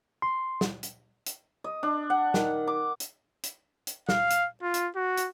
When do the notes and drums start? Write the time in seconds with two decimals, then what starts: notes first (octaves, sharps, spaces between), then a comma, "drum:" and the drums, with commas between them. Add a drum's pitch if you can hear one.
0.22 C6
0.61 drum: snare
0.83 drum: hi-hat
1.26 drum: hi-hat
1.64 D#5
1.83 D4
2.10 F#5
2.34 D#3, drum: snare
2.67 D6
3.00 drum: hi-hat
3.43 drum: hi-hat
3.87 drum: hi-hat
4.09 F5, drum: snare
4.30 drum: hi-hat
4.62 F4
4.74 drum: hi-hat
4.96 F#4
5.17 drum: hi-hat